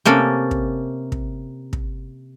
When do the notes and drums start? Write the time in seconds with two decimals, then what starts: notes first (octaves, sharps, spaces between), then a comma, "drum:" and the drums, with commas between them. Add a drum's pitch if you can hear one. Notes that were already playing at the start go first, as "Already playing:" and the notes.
0.05 C3 A#3 C#4 A4
0.51 drum: kick
1.12 drum: kick
1.73 drum: kick